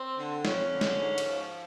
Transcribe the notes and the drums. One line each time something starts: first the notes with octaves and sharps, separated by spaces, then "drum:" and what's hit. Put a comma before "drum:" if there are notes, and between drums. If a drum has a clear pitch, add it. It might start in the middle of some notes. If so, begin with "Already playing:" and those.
Already playing: C4
D3
F2 C#4, drum: snare
D3
drum: snare
G#2
drum: cymbal
F3